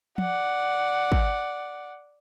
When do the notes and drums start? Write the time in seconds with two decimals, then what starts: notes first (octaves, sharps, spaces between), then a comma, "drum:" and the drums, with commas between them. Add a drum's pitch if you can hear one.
0.18 D5 F#5, drum: tom
1.12 drum: kick